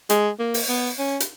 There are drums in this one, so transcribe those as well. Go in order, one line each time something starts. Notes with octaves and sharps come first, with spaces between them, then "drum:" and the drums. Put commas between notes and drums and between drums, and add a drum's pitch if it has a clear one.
G#3, drum: hi-hat
A#3
drum: open hi-hat
B3
C#4
drum: hi-hat